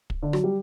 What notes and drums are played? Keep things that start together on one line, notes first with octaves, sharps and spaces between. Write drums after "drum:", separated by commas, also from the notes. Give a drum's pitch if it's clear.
drum: kick
D3
F#3, drum: rim click
G3